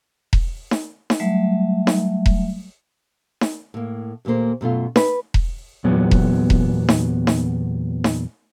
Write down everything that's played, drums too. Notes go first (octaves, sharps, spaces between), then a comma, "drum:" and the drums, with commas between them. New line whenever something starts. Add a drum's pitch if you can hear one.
drum: kick E1
drum: snare D#4
drum: snare D#4
F#3 G3 A3 E5
drum: snare D#4
drum: kick E1
drum: snare D#4
A2 A#3
D#2 A#2 A3 A#3 C5
F#2 B2 A3 F4
B4, drum: snare D#4
drum: kick E1
E2 A#2 F#3 B3 G4
drum: kick E1
drum: kick E1
drum: snare D#4
drum: snare D#4
drum: snare D#4